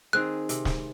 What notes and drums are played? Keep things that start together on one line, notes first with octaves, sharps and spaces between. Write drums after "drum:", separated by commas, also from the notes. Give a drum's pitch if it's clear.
D#3 C4 G#4 F#6
C3, drum: hi-hat
drum: snare